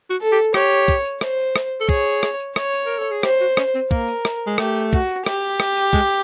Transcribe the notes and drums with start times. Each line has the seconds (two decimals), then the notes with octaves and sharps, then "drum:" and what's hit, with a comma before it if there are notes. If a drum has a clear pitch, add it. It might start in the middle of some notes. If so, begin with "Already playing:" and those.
0.10 F#4
0.21 A4
0.32 G4
0.54 G4 C#5, drum: rim click
0.71 drum: tambourine
0.88 drum: kick, tambourine
1.05 drum: tambourine
1.21 C5, drum: rim click
1.39 drum: tambourine
1.56 drum: rim click
1.80 A4
1.89 G#4 C#5, drum: kick, tambourine
2.06 drum: tambourine
2.23 drum: rim click
2.40 drum: tambourine
2.56 C#5, drum: rim click
2.73 drum: tambourine
2.86 A#4
2.98 A4
3.11 G#4
3.23 G4 C5, drum: rim click
3.40 F#4, drum: tambourine
3.57 C#4, drum: rim click
3.74 C4, drum: tambourine
3.91 A#3 A#4, drum: kick, tambourine
4.08 drum: tambourine
4.25 drum: rim click
4.46 G#3
4.58 A3 G4, drum: rim click
4.75 drum: tambourine
4.93 F#4, drum: kick, tambourine
5.09 drum: tambourine
5.26 G4, drum: rim click
5.60 drum: rim click
5.76 drum: tambourine
5.93 G#3, drum: kick, tambourine